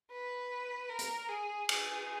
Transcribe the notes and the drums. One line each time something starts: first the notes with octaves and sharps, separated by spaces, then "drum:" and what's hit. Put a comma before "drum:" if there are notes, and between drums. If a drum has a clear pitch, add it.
B4
A#4
drum: hi-hat
G#4
G#4, drum: cymbal